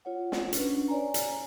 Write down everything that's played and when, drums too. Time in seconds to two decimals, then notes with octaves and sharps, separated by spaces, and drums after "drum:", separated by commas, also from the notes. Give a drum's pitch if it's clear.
0.05 F4 C#5 F#5
0.32 drum: snare
0.53 C#4 D4 B4, drum: hi-hat
0.88 C#5 D5 G#5 A#5
1.14 drum: hi-hat